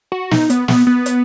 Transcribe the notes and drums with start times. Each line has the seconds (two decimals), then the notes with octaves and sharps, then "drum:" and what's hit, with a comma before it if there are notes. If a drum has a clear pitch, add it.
0.12 F#4
0.31 D#4, drum: snare
0.50 B3, drum: hi-hat
0.68 B3, drum: snare
0.87 B3
1.06 drum: hi-hat